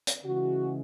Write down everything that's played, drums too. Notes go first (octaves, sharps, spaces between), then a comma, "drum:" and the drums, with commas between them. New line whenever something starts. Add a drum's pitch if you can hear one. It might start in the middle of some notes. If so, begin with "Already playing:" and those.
drum: hi-hat
C#3 E3 G#3 F#4